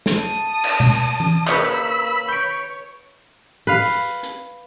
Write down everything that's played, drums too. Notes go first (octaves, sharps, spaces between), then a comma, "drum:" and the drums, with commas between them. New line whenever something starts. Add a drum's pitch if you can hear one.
drum: snare
A5 D#6
drum: cymbal
drum: tom B2
drum: tom E3
A#3 B4 C#5 B5 D#6 E6, drum: clap
C#5 G6 D7
B4 F5
drum: open hi-hat
drum: hi-hat